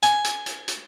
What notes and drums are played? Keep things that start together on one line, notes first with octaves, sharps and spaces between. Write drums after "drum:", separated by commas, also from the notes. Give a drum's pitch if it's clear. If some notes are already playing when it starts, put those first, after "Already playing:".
G#5, drum: hi-hat
drum: hi-hat
drum: hi-hat
drum: hi-hat